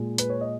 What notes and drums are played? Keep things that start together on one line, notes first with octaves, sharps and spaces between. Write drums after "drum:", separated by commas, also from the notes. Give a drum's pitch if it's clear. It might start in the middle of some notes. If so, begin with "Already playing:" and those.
Already playing: A#2 G#3
B4, drum: hi-hat
C#5
D#5